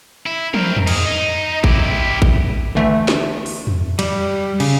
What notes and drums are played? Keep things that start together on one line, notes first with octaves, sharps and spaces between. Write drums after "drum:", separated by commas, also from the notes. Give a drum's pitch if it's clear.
E4
C4 A#4, drum: tom
drum: tom E2
D#4 G#4, drum: cymbal
D#4
E4 G4, drum: kick A1
drum: kick A1
D3 E3 A3
drum: snare
drum: open hi-hat
drum: tom E2
G3, drum: cymbal
C#3, drum: cymbal